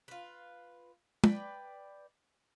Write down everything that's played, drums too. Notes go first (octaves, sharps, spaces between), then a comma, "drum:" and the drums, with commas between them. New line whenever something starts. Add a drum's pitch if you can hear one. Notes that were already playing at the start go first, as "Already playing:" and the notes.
F4 B4
B4 D5 G5, drum: tom